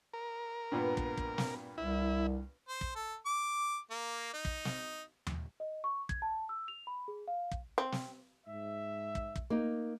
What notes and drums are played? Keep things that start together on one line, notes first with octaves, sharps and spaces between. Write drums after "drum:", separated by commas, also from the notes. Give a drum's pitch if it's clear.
A#4
G2 A#2 B3
drum: kick
drum: kick
drum: snare
C2 E4
C5
drum: kick
A4
D6
A#3
D#4
drum: kick
drum: snare
drum: tom D#2
D#5
C#6
G#6, drum: kick
A5
E6
F7
B5
G#4
F5
drum: kick
C4
drum: snare
G#2 E5
drum: kick
drum: kick
A#3 D#4